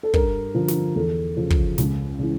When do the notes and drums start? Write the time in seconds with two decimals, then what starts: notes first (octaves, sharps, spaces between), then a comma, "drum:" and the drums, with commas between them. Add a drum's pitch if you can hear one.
0.03 A4
0.14 G2 A#4, drum: kick
0.55 D3 F3
0.68 drum: snare
0.96 E2 A4
1.36 C#3 F3
1.50 drum: kick
1.78 C#2, drum: snare
2.19 C#3 E3